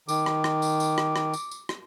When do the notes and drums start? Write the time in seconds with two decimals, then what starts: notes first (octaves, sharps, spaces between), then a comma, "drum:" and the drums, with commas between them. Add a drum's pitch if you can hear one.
0.09 D#3 D6, drum: tambourine
0.26 drum: rim click
0.44 drum: rim click
0.62 drum: tambourine
0.80 drum: tambourine
0.98 drum: rim click
1.16 drum: rim click
1.33 drum: tambourine
1.51 drum: tambourine
1.69 drum: rim click